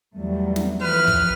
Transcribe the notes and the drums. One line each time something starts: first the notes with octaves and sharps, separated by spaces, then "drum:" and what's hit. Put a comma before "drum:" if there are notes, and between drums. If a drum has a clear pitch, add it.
E2 F#3 G3 A3
drum: snare
E3 F3 B4 F6
drum: kick